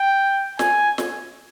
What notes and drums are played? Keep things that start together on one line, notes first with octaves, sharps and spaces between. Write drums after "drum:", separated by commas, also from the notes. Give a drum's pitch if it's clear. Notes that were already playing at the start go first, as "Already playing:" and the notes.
Already playing: G5
G#5, drum: snare
drum: snare